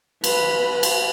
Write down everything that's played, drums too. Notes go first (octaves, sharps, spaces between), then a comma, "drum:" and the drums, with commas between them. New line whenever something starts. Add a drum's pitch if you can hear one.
B4, drum: cymbal
drum: cymbal